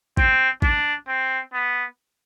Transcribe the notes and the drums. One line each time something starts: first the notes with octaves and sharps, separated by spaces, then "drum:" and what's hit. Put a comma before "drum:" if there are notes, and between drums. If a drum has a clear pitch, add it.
C4, drum: kick A1
D4, drum: kick A1
C4
B3